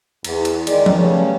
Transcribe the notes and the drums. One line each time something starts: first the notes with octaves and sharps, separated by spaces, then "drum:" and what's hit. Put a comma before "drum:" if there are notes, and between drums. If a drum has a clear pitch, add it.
E2, drum: cymbal
drum: cymbal
D#3 G#3 G#4 D5, drum: cymbal
drum: tom F3
C#3 G3 A3 B3 C#4